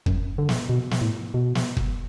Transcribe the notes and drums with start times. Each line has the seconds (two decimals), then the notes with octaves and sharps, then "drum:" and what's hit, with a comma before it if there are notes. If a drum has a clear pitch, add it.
0.06 F#2, drum: kick
0.38 D3
0.49 drum: snare
0.69 B2
0.91 drum: snare
1.01 A2
1.34 B2
1.55 drum: snare
1.77 drum: kick